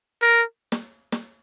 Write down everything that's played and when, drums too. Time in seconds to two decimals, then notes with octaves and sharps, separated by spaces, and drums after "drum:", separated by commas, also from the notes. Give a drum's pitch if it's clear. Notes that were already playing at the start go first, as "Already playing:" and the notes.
0.22 A#4
0.72 drum: snare
1.12 drum: snare